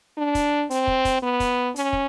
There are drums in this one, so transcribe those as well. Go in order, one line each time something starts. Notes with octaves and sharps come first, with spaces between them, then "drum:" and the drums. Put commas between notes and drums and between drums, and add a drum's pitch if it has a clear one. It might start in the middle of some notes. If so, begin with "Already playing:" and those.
D4
drum: kick, hi-hat
C4, drum: hi-hat
drum: kick
drum: kick, hi-hat
B3
drum: kick, hi-hat
C#4, drum: hi-hat
drum: kick